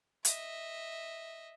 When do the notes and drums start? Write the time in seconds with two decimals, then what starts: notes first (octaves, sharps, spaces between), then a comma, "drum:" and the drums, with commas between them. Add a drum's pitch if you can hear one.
0.25 D#5 E5, drum: hi-hat